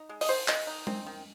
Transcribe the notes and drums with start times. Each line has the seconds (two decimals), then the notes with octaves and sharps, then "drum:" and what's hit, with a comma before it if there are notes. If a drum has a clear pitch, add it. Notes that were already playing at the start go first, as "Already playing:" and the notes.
Already playing: D#4
0.09 G#3
0.21 D#5, drum: open hi-hat
0.29 D#3 C5
0.48 D#3 D#5, drum: clap
0.67 D#4
0.87 C4, drum: tom G#3
1.06 D#3